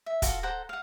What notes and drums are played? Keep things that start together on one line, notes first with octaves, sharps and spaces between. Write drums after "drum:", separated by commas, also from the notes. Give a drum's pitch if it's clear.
E5
F4 F#4 A4, drum: kick, hi-hat
A4 C5 F#5 A#5
F5 F#5